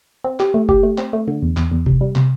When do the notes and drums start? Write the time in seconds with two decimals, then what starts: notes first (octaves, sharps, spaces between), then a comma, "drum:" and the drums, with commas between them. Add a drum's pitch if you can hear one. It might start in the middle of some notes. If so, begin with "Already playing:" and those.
0.24 C4
0.40 G4, drum: clap
0.54 A3
0.69 G4, drum: kick F#1
0.83 A3
0.98 C4, drum: clap
1.13 A3
1.28 D3
1.42 E2
1.57 E2, drum: clap
1.71 E2
1.86 C3, drum: kick F#1
2.01 G3
2.16 C3, drum: clap